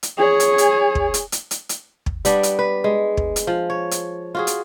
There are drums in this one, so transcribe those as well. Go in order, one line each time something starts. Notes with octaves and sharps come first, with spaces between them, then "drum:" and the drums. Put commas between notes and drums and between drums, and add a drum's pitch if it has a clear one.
drum: hi-hat
G#4 C#5
drum: hi-hat
drum: hi-hat
drum: kick
drum: hi-hat
drum: hi-hat
drum: hi-hat
drum: hi-hat
drum: kick
G3 B3 D4, drum: hi-hat
drum: hi-hat
B4
G#3
drum: kick
drum: hi-hat
F3
C#5
drum: hi-hat
F4 F#4 G#4
drum: hi-hat